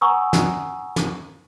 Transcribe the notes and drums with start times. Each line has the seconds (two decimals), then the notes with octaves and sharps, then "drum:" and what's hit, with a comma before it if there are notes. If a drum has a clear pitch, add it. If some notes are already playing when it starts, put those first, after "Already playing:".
0.01 F#5 G#5 A#5 C#6 D#6 E6
0.33 drum: snare
0.96 drum: snare